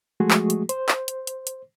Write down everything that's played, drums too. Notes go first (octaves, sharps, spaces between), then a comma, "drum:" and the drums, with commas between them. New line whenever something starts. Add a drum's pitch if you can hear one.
F3 G#3 A3 F#4 G#4
drum: clap
drum: hi-hat
C5, drum: hi-hat
drum: clap
drum: hi-hat
drum: hi-hat
drum: hi-hat